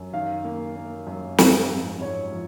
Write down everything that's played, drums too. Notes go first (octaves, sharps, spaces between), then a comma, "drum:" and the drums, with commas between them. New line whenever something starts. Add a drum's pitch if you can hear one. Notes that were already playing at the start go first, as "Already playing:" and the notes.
Already playing: F#2
D#3 F5
A#3
A#3
F#2
F3, drum: snare
G#2
G#2 C#5
F3